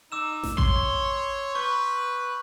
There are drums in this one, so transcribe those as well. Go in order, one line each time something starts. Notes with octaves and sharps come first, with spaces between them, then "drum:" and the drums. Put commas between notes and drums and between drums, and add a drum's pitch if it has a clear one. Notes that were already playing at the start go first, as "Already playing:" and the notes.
D#4 D6 E6 E7
drum: snare A1
C#5 C6, drum: kick A1
B4 C#6 G6